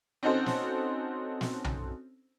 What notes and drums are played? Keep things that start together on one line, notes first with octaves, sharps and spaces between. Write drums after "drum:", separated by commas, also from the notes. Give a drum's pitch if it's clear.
C4 C#4 D#4 F#4 A4 C5
drum: snare
drum: snare
drum: tom B1